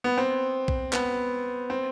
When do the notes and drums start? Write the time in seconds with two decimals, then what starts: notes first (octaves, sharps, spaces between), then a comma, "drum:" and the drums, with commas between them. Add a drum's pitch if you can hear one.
0.04 B3
0.18 C4
0.68 drum: kick
0.93 B3, drum: clap
1.70 C4